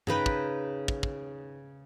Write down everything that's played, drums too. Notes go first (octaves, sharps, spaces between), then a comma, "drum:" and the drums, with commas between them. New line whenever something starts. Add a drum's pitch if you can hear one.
C#3 D#4 B4 G5, drum: tom G2
drum: kick
drum: kick
drum: kick